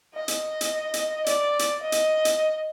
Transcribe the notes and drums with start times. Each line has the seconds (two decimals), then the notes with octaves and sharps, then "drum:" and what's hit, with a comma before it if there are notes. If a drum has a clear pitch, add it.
0.15 D#5
0.28 drum: hi-hat
0.61 drum: hi-hat
0.94 drum: hi-hat
1.26 D5, drum: hi-hat
1.59 drum: hi-hat
1.81 D#5
1.92 drum: hi-hat
2.25 drum: hi-hat